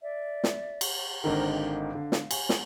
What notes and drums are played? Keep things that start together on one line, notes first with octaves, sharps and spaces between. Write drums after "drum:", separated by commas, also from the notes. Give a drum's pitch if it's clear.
D5 E5
drum: snare
drum: cymbal
G#1 D3 D#3 A#4 C5 A#5
F5
D3
drum: snare
G#5, drum: cymbal
drum: snare